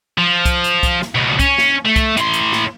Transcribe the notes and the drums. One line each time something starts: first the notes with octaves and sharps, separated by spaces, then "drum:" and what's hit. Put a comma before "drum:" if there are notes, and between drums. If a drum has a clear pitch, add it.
F3
drum: kick, hi-hat
drum: hi-hat
drum: kick, hi-hat
drum: snare
C#2 B2
C#4, drum: kick, hi-hat
drum: snare
A3
drum: kick, hi-hat
A2 C6, drum: hi-hat
drum: hi-hat
drum: snare